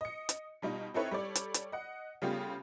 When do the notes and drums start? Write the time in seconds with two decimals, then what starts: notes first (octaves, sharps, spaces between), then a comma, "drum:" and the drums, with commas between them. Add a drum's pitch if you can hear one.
0.01 D#5 C#7
0.29 drum: hi-hat
0.62 B2 G3 D#4 F4
0.94 C4 D#4 E4 A4 B4 C#5
1.11 G3 A4 C#5 D5
1.35 drum: hi-hat
1.54 drum: hi-hat
1.72 D#5 F#5
2.22 C#3 G3 A3 B3 F4 G4